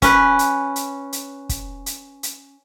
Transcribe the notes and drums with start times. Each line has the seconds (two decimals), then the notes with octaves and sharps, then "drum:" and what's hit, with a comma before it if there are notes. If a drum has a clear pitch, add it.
0.02 C#4 B4, drum: kick, hi-hat
0.39 drum: hi-hat
0.76 drum: hi-hat
1.13 drum: hi-hat
1.49 drum: kick, hi-hat
1.86 drum: hi-hat
2.23 drum: hi-hat